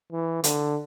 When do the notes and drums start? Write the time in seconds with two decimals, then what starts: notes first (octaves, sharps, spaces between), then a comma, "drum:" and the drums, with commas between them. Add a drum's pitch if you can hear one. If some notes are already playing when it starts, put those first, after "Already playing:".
0.12 E3
0.44 D3, drum: hi-hat